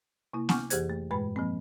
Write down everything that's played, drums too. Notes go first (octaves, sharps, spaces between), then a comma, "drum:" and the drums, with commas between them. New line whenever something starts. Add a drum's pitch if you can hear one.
C3 A#3 E4
F#5 G#5 C#6 D6 F6 G6, drum: snare B3
F2 E3 G4 G#4 C5 G#6, drum: hi-hat
A3
G2 A#2 G#3 B4 B5
F3 A#3 C4